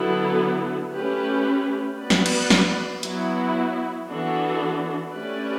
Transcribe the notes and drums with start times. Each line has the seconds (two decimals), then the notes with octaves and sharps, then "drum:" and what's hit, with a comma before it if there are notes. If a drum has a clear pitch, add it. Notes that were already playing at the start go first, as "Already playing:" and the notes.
Already playing: D3 F#3 B3 E4 A4
0.93 A3 C#4 G4 B4
1.98 B3 F#4 B4 D5
2.10 drum: snare
2.26 drum: cymbal
2.50 drum: snare
3.03 F#3 B3 E4, drum: hi-hat
4.08 E3 B3 D4 F#4 A4
5.13 A3 C#4 G4 B4 D5